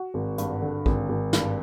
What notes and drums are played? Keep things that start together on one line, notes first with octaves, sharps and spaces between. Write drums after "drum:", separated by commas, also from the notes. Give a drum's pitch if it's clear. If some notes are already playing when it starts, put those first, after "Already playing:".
Already playing: F#4
G#1
G2, drum: hi-hat
D3
G#1, drum: kick A#1
G#1
G2, drum: snare